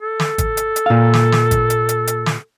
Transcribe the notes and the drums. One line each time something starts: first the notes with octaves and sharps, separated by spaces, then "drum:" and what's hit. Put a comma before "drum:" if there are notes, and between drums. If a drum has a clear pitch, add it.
A4
drum: snare
drum: kick G#1, hi-hat
drum: hi-hat
drum: hi-hat
A#2 F5
drum: snare
drum: snare
drum: kick G#1, hi-hat
drum: hi-hat
drum: hi-hat
drum: hi-hat
drum: snare